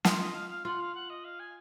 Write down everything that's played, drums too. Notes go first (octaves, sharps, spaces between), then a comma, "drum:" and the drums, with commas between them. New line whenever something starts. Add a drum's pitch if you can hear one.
F4 D#5, drum: snare
D#5
F5
F5
F4 F#5
F5
F#5
D#5
F5
G#5